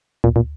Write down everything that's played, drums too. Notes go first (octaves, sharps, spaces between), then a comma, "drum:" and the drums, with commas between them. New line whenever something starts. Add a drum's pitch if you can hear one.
A#2, drum: tom D2
A#2